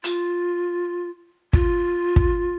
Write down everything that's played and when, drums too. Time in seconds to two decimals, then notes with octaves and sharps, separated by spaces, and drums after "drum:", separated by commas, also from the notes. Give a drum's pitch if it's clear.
0.04 F4, drum: hi-hat
1.53 F4, drum: kick
2.16 drum: kick